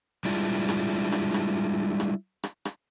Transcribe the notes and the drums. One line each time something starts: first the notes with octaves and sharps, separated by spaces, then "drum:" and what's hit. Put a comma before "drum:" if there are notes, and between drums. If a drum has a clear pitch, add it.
G3 G#3 D4 E4 F4
drum: rim click
drum: rim click
drum: rim click
drum: rim click
drum: rim click
drum: rim click